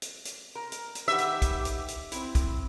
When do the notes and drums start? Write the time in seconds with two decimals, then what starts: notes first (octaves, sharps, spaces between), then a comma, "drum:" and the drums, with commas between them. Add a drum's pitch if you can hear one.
0.02 drum: hi-hat
0.25 drum: hi-hat
0.55 A#4
0.72 drum: hi-hat
0.95 drum: hi-hat
1.08 D#3 G4 B4 E5 F#5
1.18 drum: hi-hat
1.42 drum: kick, hi-hat
1.65 drum: hi-hat
1.88 drum: hi-hat
2.12 C4 E4, drum: hi-hat
2.35 drum: kick, hi-hat